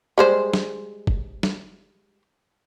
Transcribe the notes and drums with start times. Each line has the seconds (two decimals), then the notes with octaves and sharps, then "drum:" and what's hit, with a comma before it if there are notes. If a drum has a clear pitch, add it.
0.18 G3 G#3 C5
0.54 drum: snare
1.07 drum: kick
1.43 drum: snare